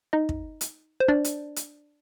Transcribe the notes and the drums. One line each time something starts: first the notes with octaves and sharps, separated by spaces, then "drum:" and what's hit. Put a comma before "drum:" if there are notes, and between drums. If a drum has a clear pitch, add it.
D#4 D#5
drum: kick
drum: hi-hat
C5
D4 D5
drum: hi-hat
drum: hi-hat